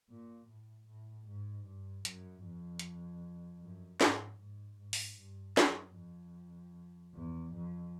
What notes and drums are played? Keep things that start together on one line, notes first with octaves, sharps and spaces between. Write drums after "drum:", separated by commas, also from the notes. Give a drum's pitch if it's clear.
A#2
A2
A2
G#2
G2
F#2, drum: hi-hat
F2
drum: hi-hat
F#2
G#2, drum: snare
G#2
G#2
drum: open hi-hat
G2
F#2, drum: snare
F2
E2
F2